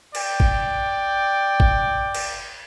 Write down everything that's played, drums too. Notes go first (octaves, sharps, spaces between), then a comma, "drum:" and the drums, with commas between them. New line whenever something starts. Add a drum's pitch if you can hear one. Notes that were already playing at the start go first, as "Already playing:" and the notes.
D5 G5, drum: cymbal
drum: kick G#1
drum: kick G#1
drum: cymbal